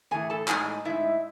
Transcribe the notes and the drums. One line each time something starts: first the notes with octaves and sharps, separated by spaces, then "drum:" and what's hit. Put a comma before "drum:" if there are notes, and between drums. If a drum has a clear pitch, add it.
A2 E3 A3 G#4 G#5
A4 A5
A2 G#3 D#4 G#4 G#5, drum: clap
A2 G#3 D#4 E4 E5